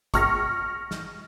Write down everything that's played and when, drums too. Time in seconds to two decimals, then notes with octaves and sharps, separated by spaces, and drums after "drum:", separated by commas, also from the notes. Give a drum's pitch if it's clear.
0.14 C#6 F6 A#6, drum: kick, hi-hat
0.91 drum: snare